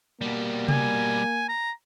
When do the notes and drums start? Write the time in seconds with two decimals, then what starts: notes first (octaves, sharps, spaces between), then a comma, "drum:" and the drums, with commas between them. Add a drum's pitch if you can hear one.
0.21 B2 G3 A#3
0.68 G#5, drum: tom C3
1.49 A#5